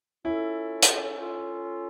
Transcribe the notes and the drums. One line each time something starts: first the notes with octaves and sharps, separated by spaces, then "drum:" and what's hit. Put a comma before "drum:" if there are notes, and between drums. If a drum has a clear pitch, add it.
C#4 E4 F4 A4
drum: hi-hat
C#4 F4 A4